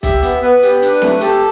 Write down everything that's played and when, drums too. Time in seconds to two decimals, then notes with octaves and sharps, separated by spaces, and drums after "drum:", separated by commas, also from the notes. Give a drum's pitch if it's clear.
0.03 G4 E5, drum: kick B1, hi-hat
0.23 B3, drum: hi-hat
0.43 B3 B4
0.63 G4, drum: hi-hat
0.82 D4, drum: hi-hat
1.02 A3, drum: snare
1.21 G4 A4, drum: hi-hat